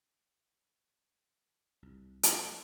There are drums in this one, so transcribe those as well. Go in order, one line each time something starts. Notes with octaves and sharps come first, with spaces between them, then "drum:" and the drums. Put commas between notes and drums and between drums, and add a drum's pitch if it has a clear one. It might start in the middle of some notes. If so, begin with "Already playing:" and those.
C2
F3, drum: hi-hat